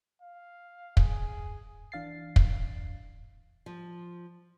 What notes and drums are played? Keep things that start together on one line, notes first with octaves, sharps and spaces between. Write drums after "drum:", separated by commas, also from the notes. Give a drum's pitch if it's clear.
F5
G#4, drum: kick
E3 D4 F5 A6 C7
drum: kick
F3